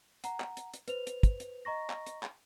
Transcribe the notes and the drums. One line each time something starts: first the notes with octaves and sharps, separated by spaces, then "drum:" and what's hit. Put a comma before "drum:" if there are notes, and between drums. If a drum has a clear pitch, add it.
F#5 A#5, drum: hi-hat
drum: clap
drum: hi-hat
drum: hi-hat
B4 C5 F7, drum: hi-hat
drum: hi-hat
drum: kick, hi-hat
drum: hi-hat
D#5 A#5 C#6 A#6
drum: clap
drum: hi-hat
drum: clap